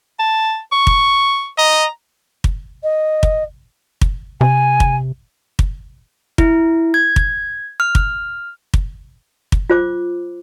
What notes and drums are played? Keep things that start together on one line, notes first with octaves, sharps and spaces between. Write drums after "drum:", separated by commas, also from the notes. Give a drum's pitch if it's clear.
A5
C#6
drum: kick
D#5 A#5
drum: kick
D#5
drum: kick
drum: kick
C3 G#5
drum: kick
drum: kick
E4, drum: kick
G#6
drum: kick
F6
drum: kick
drum: kick
drum: kick
F4 C5 D6